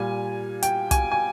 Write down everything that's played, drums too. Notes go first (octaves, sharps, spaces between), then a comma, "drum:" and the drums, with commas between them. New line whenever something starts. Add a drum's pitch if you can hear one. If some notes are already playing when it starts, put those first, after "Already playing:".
Already playing: A#2 G3 G#5
G5, drum: hi-hat
G#5, drum: kick, hi-hat
G#5